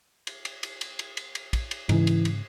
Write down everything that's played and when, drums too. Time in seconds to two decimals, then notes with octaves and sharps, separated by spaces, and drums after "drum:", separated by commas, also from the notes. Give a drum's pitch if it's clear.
0.27 drum: cymbal
0.45 drum: cymbal
0.63 drum: cymbal
0.81 drum: cymbal
0.99 drum: cymbal
1.17 drum: cymbal
1.35 drum: cymbal
1.53 drum: kick, cymbal
1.71 drum: cymbal
1.89 G#2 C#3 E3, drum: cymbal
2.07 drum: cymbal
2.25 drum: cymbal